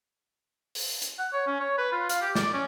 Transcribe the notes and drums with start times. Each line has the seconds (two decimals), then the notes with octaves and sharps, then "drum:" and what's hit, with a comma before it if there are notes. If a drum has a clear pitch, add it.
0.75 drum: open hi-hat
1.02 drum: hi-hat
1.19 F#5
1.33 C#5
1.47 C#4
1.60 C#5
1.78 B4
1.92 F4
2.09 F5, drum: hi-hat
2.22 G4
2.35 D5, drum: snare
2.53 C#4